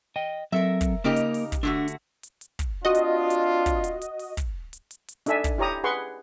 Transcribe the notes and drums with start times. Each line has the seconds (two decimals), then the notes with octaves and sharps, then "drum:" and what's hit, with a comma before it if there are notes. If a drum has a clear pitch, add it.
0.16 D#5 G5
0.52 F#3 C4 A4 A#4 E5
0.81 drum: kick, hi-hat
1.04 C#3 A#3 D#4 G4 A#4
1.16 drum: hi-hat
1.34 drum: open hi-hat
1.52 drum: kick, hi-hat
1.63 D3 A3 D4 F#4
1.88 drum: hi-hat
2.23 drum: hi-hat
2.41 drum: hi-hat
2.59 drum: kick, hi-hat
2.85 C4 D4 F4 F#4 D#5
2.95 drum: hi-hat
3.30 drum: hi-hat
3.66 drum: kick, hi-hat
3.84 drum: hi-hat
4.02 drum: hi-hat
4.19 drum: open hi-hat
4.37 drum: kick, hi-hat
4.73 drum: hi-hat
4.91 drum: hi-hat
5.08 drum: hi-hat
5.26 D4 D#4 A4 E5 G#5, drum: hi-hat
5.44 drum: kick, hi-hat
5.58 E4 G4 C#5 A#5 D#6
5.84 G#4 B4 F#5 C6 C#6